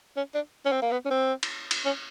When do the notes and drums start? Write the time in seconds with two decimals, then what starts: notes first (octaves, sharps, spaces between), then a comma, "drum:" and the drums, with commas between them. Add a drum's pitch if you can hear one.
0.17 C#4
0.35 D4
0.66 C#4
0.72 C4
0.82 A#3
0.92 B3
1.06 C#4
1.11 C4
1.43 drum: cymbal
1.71 drum: cymbal
1.85 C#4